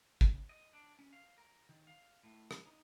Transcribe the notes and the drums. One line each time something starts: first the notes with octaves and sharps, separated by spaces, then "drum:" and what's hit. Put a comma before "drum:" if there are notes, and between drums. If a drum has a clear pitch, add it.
C#3, drum: kick
D#5
D4
C#4
F5
A#4
D#3
F5
A2
drum: rim click
D#4